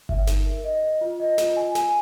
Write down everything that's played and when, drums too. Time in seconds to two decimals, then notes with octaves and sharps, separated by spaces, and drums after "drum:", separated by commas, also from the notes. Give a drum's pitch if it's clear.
0.09 E5, drum: kick G1
0.27 D#4, drum: snare
0.45 A#4
0.64 D#5
0.83 D#5
1.01 F4
1.20 D#5
1.38 F4, drum: snare
1.56 G#5
1.75 G#5, drum: snare